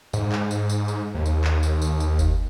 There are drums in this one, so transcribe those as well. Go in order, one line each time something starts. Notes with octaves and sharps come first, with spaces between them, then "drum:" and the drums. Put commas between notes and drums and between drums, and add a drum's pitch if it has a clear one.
G#2, drum: tambourine
drum: clap
drum: tambourine
drum: tambourine
drum: tambourine
D#2
drum: tambourine
drum: clap
drum: tambourine
drum: tambourine
drum: tambourine
drum: kick F#1, tambourine